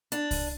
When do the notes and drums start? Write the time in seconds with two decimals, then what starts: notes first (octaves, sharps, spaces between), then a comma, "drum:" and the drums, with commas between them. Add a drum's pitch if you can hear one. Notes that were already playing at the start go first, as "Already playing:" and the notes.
0.12 D4, drum: hi-hat
0.31 drum: kick C2, open hi-hat